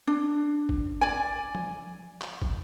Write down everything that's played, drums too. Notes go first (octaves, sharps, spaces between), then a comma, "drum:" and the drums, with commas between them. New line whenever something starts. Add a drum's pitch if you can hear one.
D4
drum: kick
D5 G#5
drum: tom F3
drum: clap
drum: kick